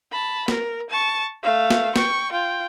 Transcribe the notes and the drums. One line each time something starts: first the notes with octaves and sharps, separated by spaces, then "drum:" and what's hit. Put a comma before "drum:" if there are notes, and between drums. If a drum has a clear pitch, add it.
A5 B5
A#4, drum: snare
A5 C#6
A3 F5
drum: snare
G5 C#6, drum: snare
F4 G5